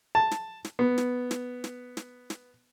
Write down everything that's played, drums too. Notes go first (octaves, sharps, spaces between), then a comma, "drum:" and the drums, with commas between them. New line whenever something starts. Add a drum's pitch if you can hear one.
A5
drum: snare
drum: snare
B3
drum: snare
drum: snare
drum: snare
drum: snare
drum: snare